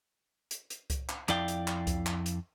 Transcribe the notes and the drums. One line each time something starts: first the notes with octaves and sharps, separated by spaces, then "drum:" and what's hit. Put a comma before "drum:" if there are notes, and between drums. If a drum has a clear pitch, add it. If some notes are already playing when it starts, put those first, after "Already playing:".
drum: hi-hat
drum: hi-hat
drum: kick C2, hi-hat
drum: clap
F2 E4 D5 F5 G5, drum: clap
drum: hi-hat
drum: clap
drum: kick C2, hi-hat
drum: clap
drum: hi-hat